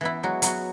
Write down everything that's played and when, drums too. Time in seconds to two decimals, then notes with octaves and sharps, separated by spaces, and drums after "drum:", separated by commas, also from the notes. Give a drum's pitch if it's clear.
0.01 E3 B3 E4
0.23 F#3 G#3 F#4
0.42 F#3 B3 F#4, drum: hi-hat